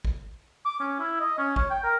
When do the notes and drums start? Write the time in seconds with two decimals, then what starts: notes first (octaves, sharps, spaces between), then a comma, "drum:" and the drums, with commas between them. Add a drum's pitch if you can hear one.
0.05 drum: kick
0.65 D6
0.80 C#4
0.99 E4
1.20 D#5
1.38 C#4
1.56 C#5, drum: kick
1.70 G5
1.83 A#4